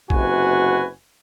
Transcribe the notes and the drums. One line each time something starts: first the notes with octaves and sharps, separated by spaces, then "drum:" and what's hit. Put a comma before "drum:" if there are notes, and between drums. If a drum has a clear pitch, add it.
F#1 C3 F#4 B4 G#5, drum: kick